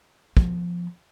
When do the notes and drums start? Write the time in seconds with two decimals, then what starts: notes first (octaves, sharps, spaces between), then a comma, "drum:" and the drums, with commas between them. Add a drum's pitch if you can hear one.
0.37 F3 B3, drum: kick